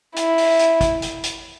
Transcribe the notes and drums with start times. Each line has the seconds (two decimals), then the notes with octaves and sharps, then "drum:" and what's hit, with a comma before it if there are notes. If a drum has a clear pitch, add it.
0.16 E4, drum: hi-hat
0.38 drum: open hi-hat
0.59 drum: hi-hat
0.81 drum: kick, hi-hat
1.02 drum: hi-hat
1.23 drum: hi-hat